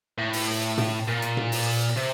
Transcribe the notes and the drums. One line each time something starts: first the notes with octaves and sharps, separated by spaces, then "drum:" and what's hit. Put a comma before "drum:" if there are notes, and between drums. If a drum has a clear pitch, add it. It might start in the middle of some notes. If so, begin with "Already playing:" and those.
A2
drum: open hi-hat
drum: tom
A#2
drum: hi-hat
drum: tom
drum: open hi-hat
C3